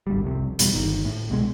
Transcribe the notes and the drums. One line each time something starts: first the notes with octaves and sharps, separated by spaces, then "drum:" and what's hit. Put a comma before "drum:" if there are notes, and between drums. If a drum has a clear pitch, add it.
G#1 D2 G3
F1 C2 C3
D#1 E2 B2 G3, drum: hi-hat
G1 D#3
A2
C2 B2 G3 G#3